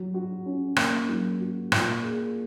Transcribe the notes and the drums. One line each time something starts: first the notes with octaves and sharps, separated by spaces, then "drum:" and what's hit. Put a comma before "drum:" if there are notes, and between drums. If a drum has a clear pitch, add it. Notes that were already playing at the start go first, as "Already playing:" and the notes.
Already playing: F#3
F#4
C#4
A#3, drum: rim click
F#3
F#4
A#2, drum: rim click
G#4